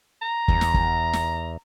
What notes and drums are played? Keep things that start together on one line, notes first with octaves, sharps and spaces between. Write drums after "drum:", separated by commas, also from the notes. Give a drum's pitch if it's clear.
A#5
E2, drum: kick
drum: snare
drum: kick
drum: snare